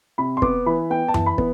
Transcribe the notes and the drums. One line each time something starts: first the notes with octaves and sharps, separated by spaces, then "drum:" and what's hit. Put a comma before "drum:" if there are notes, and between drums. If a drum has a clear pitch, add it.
C3 B5
C6
B3 D6, drum: kick
E3 B5
B3 G5
A5
E3, drum: tom F#2
B5
B3, drum: kick